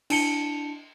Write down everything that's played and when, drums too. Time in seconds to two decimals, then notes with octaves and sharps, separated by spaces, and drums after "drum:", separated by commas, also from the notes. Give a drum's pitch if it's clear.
0.10 D4 E4 A5 C#7 G7, drum: cymbal